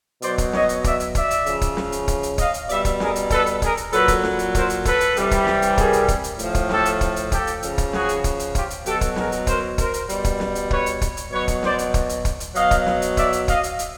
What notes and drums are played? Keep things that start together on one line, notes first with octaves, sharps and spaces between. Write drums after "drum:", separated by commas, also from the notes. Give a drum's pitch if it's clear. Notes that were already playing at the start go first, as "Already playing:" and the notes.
B2 F#3 C5 D5, drum: hi-hat
drum: kick, hi-hat
C#5 D#5, drum: snare
drum: hi-hat
D5 E5, drum: kick, hi-hat
drum: hi-hat
D5 E5, drum: kick, hi-hat
drum: hi-hat
C#3 F3, drum: hi-hat
drum: kick, hi-hat
drum: snare
drum: hi-hat
drum: kick, hi-hat
drum: hi-hat
D#5 F5, drum: kick, hi-hat
drum: hi-hat
B2 G3 D5 E5, drum: hi-hat
drum: kick, hi-hat
G#4 A#4, drum: snare
drum: hi-hat
A4 B4, drum: kick, hi-hat
drum: hi-hat
G#4 A#4, drum: kick, hi-hat
drum: hi-hat
A#2 F#3 A4 B4, drum: hi-hat
drum: kick, hi-hat
drum: snare
drum: hi-hat
A#4 C5, drum: kick, hi-hat
drum: hi-hat
A4 B4, drum: kick, hi-hat
drum: hi-hat
C3 E3 G3, drum: hi-hat
drum: kick, hi-hat
drum: snare
drum: hi-hat
G#4 A#4, drum: kick, hi-hat
drum: hi-hat
drum: kick, hi-hat
drum: hi-hat
A2 F3, drum: hi-hat
drum: kick, hi-hat
G4 A4, drum: snare
drum: hi-hat
drum: kick, hi-hat
drum: hi-hat
G4 A4, drum: kick, hi-hat
drum: hi-hat
C#3 F3, drum: hi-hat
drum: kick, hi-hat
F#4 G#4, drum: snare
drum: hi-hat
drum: kick, hi-hat
drum: hi-hat
F4 G4, drum: kick, hi-hat
drum: hi-hat
B2 F#3 G4 A4, drum: hi-hat
drum: kick, hi-hat
G#4 A#4, drum: snare
drum: hi-hat
A#4 C5, drum: kick, hi-hat
A#4 C5, drum: kick, hi-hat
drum: hi-hat
B2 G3, drum: hi-hat
drum: kick, hi-hat
drum: snare
drum: hi-hat
B4 C#5, drum: kick
drum: hi-hat
drum: kick, hi-hat
drum: hi-hat
B2 F#3 B4 C#5
drum: kick, hi-hat
C5 D5, drum: snare
drum: hi-hat
drum: kick, hi-hat
drum: hi-hat
drum: kick, hi-hat
drum: hi-hat
B2 F#3 D#5 F5, drum: hi-hat
drum: kick, hi-hat
drum: snare
drum: hi-hat
D5 E5, drum: kick, hi-hat
drum: hi-hat
D#5 F5, drum: kick, hi-hat
drum: hi-hat
drum: hi-hat